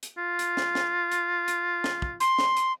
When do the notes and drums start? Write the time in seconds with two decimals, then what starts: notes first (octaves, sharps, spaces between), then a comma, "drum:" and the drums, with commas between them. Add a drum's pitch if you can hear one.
0.03 drum: hi-hat
0.18 F4
0.39 drum: hi-hat
0.57 drum: snare
0.75 drum: snare
1.12 drum: hi-hat
1.48 drum: hi-hat
1.84 drum: snare
2.02 drum: kick
2.20 C6, drum: hi-hat
2.39 drum: snare
2.57 drum: hi-hat